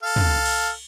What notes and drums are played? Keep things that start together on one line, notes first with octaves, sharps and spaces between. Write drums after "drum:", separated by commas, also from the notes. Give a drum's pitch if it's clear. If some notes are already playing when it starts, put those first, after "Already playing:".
A4 F5
drum: tom
drum: cymbal